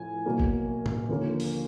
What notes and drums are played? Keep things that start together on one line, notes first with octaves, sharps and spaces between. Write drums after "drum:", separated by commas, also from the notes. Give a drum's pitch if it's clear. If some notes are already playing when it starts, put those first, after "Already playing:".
Already playing: A2 F3 G#5
B2 F#3 A#3
drum: kick G1
drum: tom A2
D#2 D3 F3 A#3 C#4
drum: open hi-hat